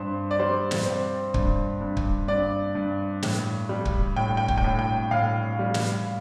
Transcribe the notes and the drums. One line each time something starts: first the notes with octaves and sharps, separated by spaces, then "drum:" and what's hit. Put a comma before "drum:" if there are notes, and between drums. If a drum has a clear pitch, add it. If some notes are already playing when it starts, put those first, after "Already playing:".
Already playing: G2 C4 C5
D5
G3 C5
drum: snare
C4
G2, drum: kick
G2
drum: kick
G2 D5
G2
A2, drum: snare
G3
drum: kick
A2 G5
G5
drum: kick
G5
A2
G5
A2 F5
G3
drum: snare